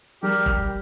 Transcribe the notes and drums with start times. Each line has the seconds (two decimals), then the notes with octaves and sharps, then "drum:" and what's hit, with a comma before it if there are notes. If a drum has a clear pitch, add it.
0.22 G3 G4 A#4
0.46 drum: kick